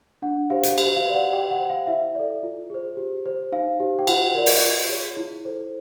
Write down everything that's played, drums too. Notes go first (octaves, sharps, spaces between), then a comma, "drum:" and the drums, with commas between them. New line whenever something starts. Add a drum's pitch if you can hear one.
D4 F#5
G4 C5 F5
drum: hi-hat
G4, drum: cymbal
F5
B4
D5 F#5
G4 G5
F#5
C5
F5
E4 E5
A4 D5
F4
G#4 C5
G4
C5
D#4 F5
G4 C5
G5
F4 F#5, drum: cymbal
A#4 D5
drum: open hi-hat
F4
G#4 C#5
E4
A4 C5